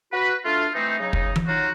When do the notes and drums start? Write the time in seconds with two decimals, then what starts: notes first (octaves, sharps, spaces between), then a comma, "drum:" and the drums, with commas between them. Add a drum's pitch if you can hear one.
0.12 F#4 B4
0.45 A3 D4 F4
0.74 E3 A3 C4 D#4
0.99 C#3 F#3 D#4
1.13 drum: kick
1.36 drum: tom E3
1.47 F#3 D#4 F4 F#4